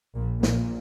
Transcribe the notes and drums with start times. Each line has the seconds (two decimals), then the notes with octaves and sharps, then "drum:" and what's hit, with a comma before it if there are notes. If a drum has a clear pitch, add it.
0.15 A#1 A#2
0.43 A#1 A#2, drum: snare